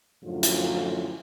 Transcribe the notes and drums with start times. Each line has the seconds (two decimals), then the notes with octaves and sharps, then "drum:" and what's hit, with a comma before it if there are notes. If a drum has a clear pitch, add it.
0.24 F#2 A2 D3 F3 F4
0.43 drum: hi-hat